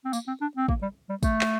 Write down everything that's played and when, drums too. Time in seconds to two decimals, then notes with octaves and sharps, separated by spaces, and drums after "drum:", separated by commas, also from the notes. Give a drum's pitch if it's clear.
0.05 C4
0.13 A#3, drum: tambourine
0.27 C4
0.41 D4
0.57 C4
0.68 A#3, drum: kick
0.82 G3
1.10 G3
1.23 A3, drum: kick, tambourine
1.41 drum: clap